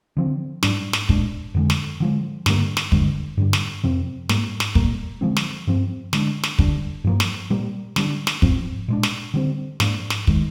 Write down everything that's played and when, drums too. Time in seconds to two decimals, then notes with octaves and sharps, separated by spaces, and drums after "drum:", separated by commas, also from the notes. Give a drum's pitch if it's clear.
0.17 D3 F3 C4
0.63 G#2 G3 D4, drum: snare
0.93 drum: snare
1.09 A#2 G#3 D4, drum: kick
1.54 F2 D3 G#3
1.70 drum: snare
2.00 D3 F3 G#3
2.46 G2 D3 G3 A#3, drum: snare
2.77 drum: snare
2.92 G2 D3 G#3, drum: kick
3.37 G2 D3 G3
3.53 drum: snare
3.83 F2 C3 F3 C4
4.29 G#2 G3 A#3, drum: snare
4.60 drum: snare
4.75 A#2 G3 A#3, drum: kick
5.21 D3 F3 G#3 C4
5.36 drum: snare
5.67 G2 F3 C4
6.13 D3 G#3 D4, drum: snare
6.43 drum: snare
6.59 D3 G3 D4, drum: kick
7.04 G2 F3 A#3
7.20 drum: snare
7.50 A#2 G3 A#3
7.96 D3 G3 D4, drum: snare
8.27 drum: snare
8.42 G#2 F3 C4, drum: kick
8.88 A#2 G#3 D4
9.03 drum: snare
9.34 D3 G3 C4
9.80 G#2 F3 A#3 D4, drum: snare
10.10 drum: snare
10.27 D#3 G#3, drum: kick